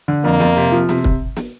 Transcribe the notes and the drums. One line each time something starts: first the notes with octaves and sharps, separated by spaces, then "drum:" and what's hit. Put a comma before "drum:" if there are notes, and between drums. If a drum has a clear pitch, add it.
D3
F2 A#3
F2, drum: snare
C3
F3
C3, drum: snare
drum: kick
drum: snare